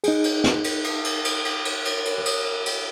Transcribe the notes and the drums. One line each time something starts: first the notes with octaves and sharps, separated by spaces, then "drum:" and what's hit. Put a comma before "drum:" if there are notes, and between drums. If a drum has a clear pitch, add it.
D#4 G#4, drum: cymbal
drum: cymbal
drum: snare
drum: cymbal
drum: cymbal
drum: cymbal
drum: cymbal
drum: cymbal
drum: cymbal
drum: cymbal
drum: cymbal
drum: cymbal
drum: cymbal